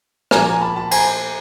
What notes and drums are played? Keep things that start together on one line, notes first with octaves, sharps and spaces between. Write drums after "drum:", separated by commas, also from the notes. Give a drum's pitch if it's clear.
A#2 F3 A#3 G#5 A#5, drum: rim click
G#5 A#5
A5 B5
A5 B5
G#5 A#5, drum: cymbal